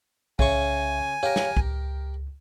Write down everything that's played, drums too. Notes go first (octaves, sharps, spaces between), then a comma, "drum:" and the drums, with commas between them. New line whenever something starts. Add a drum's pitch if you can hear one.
C2 C#3 E5 G#5 C#6, drum: kick
G4 A#4 C#5 F5
drum: snare
C#2, drum: kick